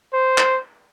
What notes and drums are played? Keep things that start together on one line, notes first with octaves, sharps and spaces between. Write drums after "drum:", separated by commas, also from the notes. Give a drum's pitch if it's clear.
C5
drum: clap